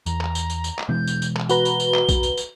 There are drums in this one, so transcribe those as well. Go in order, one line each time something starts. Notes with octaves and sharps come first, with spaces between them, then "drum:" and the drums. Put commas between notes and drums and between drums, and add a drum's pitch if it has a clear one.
E2 A#5, drum: tambourine
drum: clap
drum: tambourine
drum: tambourine
drum: tambourine
drum: clap
B2 E3 G#3 G6
drum: tambourine
drum: tambourine
drum: clap
F#4 B4 A#5 G7, drum: tambourine
drum: tambourine
drum: tambourine
drum: clap
drum: kick B1, tambourine
drum: tambourine
drum: tambourine